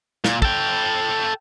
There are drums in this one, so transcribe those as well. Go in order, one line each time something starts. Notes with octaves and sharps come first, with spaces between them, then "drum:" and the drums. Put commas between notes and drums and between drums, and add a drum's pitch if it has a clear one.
A#2, drum: snare
A4 G5, drum: kick